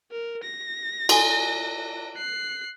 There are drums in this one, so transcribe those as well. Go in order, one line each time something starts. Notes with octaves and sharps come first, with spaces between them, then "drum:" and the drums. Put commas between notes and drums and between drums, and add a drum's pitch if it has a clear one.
A#4
A#6
F#4 A4 G#5, drum: cymbal
F#6 C7